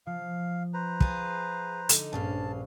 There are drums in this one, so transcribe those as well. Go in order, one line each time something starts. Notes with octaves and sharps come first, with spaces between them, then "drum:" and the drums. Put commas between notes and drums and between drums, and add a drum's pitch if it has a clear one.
F3 F5
B4 C5 A#5
F4 G#4, drum: kick
D3 D#4, drum: hi-hat
A#1 G2 C#4 F5 A5